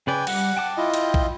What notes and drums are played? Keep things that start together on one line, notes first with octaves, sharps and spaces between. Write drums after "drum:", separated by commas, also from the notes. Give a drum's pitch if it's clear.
C#3 B4 D5 G5 G#5
G3 F#5, drum: cymbal
G5 A5 D6
E4 F4 D#5
G5, drum: cymbal
drum: kick A#1